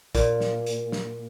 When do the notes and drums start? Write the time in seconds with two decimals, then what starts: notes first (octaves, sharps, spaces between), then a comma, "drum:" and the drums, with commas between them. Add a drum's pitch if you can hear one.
0.15 A#2, drum: kick, hi-hat
0.41 drum: snare
0.66 drum: hi-hat
0.92 drum: snare